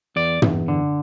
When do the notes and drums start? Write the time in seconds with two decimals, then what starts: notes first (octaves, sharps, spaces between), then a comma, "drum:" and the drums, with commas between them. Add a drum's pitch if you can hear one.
0.16 E2 D5
0.42 E2, drum: tom
0.68 D3